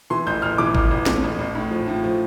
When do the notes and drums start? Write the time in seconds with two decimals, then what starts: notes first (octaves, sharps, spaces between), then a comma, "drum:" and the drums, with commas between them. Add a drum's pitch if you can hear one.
0.10 E3 C6
0.27 A1 G6
0.42 A1 F6
0.58 E3 D6
0.75 A1, drum: kick G#1
0.91 A1
1.06 A3, drum: snare
1.24 A1
1.39 A1
1.55 A2
1.71 F3
1.87 A2
2.04 F3